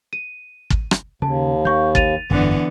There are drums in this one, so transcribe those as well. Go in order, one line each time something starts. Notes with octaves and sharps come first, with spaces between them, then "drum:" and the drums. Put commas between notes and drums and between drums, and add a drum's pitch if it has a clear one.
D#7
drum: kick
drum: rim click
D#2 C#3 A5
D#3 F5 C#6 G6
A6 D#7 F7, drum: kick
G1 F2 D3 E3 B3